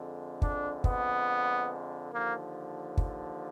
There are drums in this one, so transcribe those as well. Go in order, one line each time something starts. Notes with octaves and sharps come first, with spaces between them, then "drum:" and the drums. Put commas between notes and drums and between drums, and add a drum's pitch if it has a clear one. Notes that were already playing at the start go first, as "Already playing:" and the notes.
Already playing: F2 D3 G#3
D4, drum: kick
B3, drum: kick
D#2 D3 F3 A#3
drum: kick